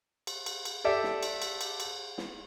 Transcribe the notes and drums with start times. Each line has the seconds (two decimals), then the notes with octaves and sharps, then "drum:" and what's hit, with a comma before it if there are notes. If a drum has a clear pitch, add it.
0.27 drum: cymbal
0.46 drum: cymbal
0.65 drum: cymbal
0.84 G4 A4 D5 E5
1.03 drum: snare
1.23 drum: cymbal
1.42 drum: cymbal
1.61 drum: cymbal
1.80 drum: cymbal
2.18 drum: snare